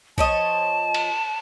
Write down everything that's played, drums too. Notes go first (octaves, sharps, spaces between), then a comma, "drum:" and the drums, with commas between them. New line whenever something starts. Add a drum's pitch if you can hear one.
F3 C#5 D#5 A5, drum: kick A#1
drum: cymbal